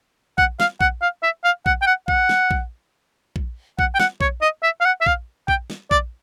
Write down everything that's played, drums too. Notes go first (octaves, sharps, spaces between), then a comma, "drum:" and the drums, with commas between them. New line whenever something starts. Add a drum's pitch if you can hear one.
F#5, drum: kick A#1
F5, drum: snare
F#5, drum: kick A#1
F5
E5
F5
F#5, drum: kick A#1
G5
F#5
F#5, drum: kick A#1
drum: snare
drum: kick A#1
drum: kick A#1
F#5, drum: kick A#1
G5
F#5, drum: snare
C#5, drum: kick A#1
D#5
E5
F5
F#5
E5
F5, drum: kick A#1
G5, drum: kick A#1
drum: snare
D5, drum: kick A#1